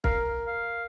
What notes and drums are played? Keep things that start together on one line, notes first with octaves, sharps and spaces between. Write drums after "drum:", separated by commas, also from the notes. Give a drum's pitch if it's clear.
A#4 F5, drum: kick
F5